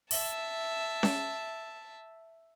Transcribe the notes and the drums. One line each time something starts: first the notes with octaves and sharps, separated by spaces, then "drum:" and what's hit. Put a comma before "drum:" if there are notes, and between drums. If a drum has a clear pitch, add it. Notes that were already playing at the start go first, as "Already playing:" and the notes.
E5 A5, drum: open hi-hat
drum: snare C#4